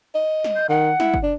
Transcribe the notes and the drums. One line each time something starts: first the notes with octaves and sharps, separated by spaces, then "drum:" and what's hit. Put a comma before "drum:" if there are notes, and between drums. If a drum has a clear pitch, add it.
D#5
drum: snare
G6
D#3 F#5
E4, drum: snare
drum: kick
D4